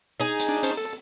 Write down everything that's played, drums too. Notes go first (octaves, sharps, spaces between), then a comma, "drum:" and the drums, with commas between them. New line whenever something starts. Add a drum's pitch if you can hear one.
D#4 G#4
drum: hi-hat
D4
C#4 C5 A5, drum: hi-hat
A4